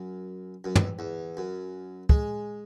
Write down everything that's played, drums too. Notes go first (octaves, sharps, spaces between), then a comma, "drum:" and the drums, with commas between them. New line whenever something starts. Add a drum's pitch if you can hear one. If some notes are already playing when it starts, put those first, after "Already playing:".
Already playing: F#2
F#2
E2, drum: tom
E2
F#2
G#3, drum: kick